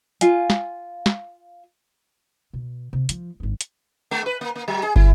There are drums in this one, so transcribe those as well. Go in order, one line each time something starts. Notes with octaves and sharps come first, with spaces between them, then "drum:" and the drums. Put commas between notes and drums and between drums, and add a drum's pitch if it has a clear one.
F4 F5 G#5, drum: hi-hat
drum: snare
drum: snare
B2
C3
F3, drum: hi-hat
G#1 D4
drum: hi-hat
G#3
B4
A#3
A#3
F#3
G#4
E4, drum: kick